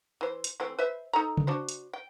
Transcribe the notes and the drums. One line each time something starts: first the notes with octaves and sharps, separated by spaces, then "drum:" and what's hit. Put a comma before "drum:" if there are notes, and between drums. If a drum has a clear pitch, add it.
E3 C5
drum: hi-hat
E3 A3 C4
B4 C5 E5
D#4 A4 A#5
drum: tom C#3
D4 F#4 C5
drum: hi-hat
G5